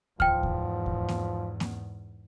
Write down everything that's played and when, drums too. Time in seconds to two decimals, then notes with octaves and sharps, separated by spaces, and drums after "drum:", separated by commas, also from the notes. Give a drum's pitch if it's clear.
0.20 E2 G#2 F3 G5 F6, drum: kick D2
0.43 drum: kick D2
0.86 drum: kick D2
1.08 drum: snare A#3
1.60 drum: snare A#3